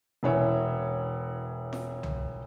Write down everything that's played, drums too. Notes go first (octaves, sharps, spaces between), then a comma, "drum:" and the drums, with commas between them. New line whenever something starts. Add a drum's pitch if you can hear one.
E1 E3 C#5 E5
drum: snare
drum: tom C2